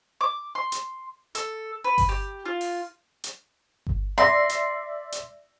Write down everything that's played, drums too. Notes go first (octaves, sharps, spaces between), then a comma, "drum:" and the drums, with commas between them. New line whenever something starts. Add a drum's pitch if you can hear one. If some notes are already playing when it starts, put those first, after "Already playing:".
D6
C6
drum: hi-hat
A4, drum: hi-hat
B4
drum: kick G1, open hi-hat
G4
F4
drum: open hi-hat
drum: hi-hat
drum: kick G1
D5 E5 C6 A#6
drum: hi-hat
drum: hi-hat